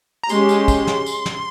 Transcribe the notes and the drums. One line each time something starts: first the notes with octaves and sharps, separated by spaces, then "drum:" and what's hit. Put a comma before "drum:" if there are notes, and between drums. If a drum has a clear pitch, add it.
A#5
G#3 C#4 G4 C6, drum: tambourine
drum: tambourine
drum: kick, tambourine
drum: snare
drum: tambourine
drum: snare